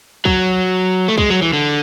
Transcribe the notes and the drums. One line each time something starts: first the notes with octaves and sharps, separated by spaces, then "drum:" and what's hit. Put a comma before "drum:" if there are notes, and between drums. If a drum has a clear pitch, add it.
F#3, drum: kick
A3
G#3, drum: kick
F#3
E3
D3